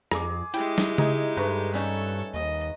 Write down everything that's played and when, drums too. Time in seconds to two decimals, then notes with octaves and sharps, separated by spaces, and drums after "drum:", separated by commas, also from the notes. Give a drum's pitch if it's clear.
0.12 F2 G#4 D6, drum: rim click
0.54 G#3 E4 G4 G5, drum: hi-hat
0.78 drum: snare
0.98 D#4 G#4, drum: tom C#3
1.37 G2 A3 D#4 B4
1.74 G3 C#4 D#4 A4 C#5
2.34 D#2 D#5